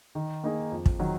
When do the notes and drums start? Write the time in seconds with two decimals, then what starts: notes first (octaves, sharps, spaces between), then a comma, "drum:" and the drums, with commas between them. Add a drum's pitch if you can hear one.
0.15 D#3
0.44 A#3 D#4 G#4
0.72 F2
0.86 drum: kick
0.99 D#3 F#3